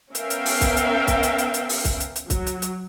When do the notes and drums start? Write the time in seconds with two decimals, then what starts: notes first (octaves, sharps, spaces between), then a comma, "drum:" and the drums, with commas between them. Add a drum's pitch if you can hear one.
0.15 B3 C#4 A#4 E5 F5 G5, drum: hi-hat
0.30 drum: hi-hat
0.46 drum: open hi-hat
0.61 drum: kick C2, hi-hat
0.76 drum: hi-hat
1.07 drum: kick C2, hi-hat
1.23 drum: hi-hat
1.38 drum: hi-hat
1.54 drum: hi-hat
1.69 drum: open hi-hat
1.85 drum: kick C2, hi-hat
2.00 drum: hi-hat
2.16 drum: hi-hat
2.30 F#3, drum: kick C2, hi-hat
2.46 drum: hi-hat
2.62 drum: hi-hat